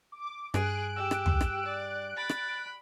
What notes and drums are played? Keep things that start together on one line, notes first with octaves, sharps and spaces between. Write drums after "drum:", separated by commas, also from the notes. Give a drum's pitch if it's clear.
D6
G2 G#4 F#6 D7, drum: rim click
G4 E6
drum: rim click
drum: tom
drum: rim click
D5
B5 A6
drum: rim click